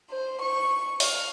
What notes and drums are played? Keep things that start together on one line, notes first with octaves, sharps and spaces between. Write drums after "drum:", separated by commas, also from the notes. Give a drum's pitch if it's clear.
C5
C#6
F5, drum: open hi-hat